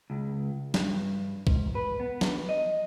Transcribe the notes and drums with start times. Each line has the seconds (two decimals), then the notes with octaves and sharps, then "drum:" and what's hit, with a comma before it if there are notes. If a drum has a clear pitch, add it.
0.10 C#2
0.74 G2, drum: snare
1.47 G#2, drum: kick C2
1.75 B4
2.00 B3
2.21 drum: snare
2.49 D#5